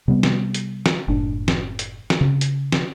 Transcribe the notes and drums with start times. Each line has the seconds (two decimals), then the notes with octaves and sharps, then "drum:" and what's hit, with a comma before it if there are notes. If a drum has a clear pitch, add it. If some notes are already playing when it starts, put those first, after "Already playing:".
0.08 C3 G3 B3
0.23 drum: snare
0.54 drum: hi-hat
0.86 drum: snare
1.08 F#1 A2 D4
1.48 drum: snare
1.79 drum: hi-hat
2.10 drum: snare
2.21 C#3
2.41 drum: hi-hat
2.72 drum: snare